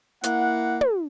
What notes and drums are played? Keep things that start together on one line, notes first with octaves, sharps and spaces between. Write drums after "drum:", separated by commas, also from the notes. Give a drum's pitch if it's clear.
A#3 E4 F#5, drum: hi-hat
drum: tom